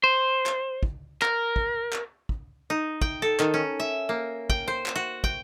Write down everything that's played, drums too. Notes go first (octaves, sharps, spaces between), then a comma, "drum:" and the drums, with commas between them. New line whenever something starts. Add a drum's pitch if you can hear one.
C5
drum: clap
drum: kick
A#4, drum: clap
drum: kick
drum: clap
drum: kick
D#4
G5, drum: kick
A4
D#3, drum: clap
C#4
E5
A#3
G5, drum: kick
C5
drum: clap
F#4
G5, drum: kick